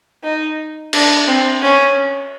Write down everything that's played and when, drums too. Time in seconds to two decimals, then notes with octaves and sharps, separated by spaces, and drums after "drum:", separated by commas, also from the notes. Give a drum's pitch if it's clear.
0.24 D#4
0.93 D4, drum: cymbal
1.28 C4
1.62 C#4